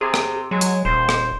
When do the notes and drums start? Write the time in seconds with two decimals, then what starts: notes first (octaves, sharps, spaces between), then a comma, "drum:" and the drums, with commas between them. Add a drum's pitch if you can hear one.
0.01 C3 G#4
0.14 drum: rim click
0.51 F#3 G#3
0.61 drum: hi-hat
0.85 D#1 C5
1.09 drum: rim click